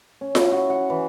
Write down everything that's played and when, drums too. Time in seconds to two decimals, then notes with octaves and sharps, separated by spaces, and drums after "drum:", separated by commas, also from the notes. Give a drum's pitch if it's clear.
0.21 C#4
0.35 E4, drum: snare F4
0.52 F#4
0.70 F#5
0.90 E3